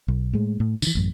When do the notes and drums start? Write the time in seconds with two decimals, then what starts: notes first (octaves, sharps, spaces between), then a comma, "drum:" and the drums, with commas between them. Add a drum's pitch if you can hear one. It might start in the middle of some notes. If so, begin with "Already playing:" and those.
0.08 B1
0.33 A2 G#3
0.60 A2
0.82 D3 E3, drum: tambourine
0.95 A1 F#2